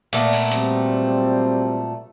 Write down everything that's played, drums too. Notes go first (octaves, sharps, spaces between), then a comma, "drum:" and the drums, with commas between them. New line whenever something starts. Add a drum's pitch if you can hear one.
A#2 A3 B3, drum: hi-hat
drum: open hi-hat
F#3 G3 C4, drum: hi-hat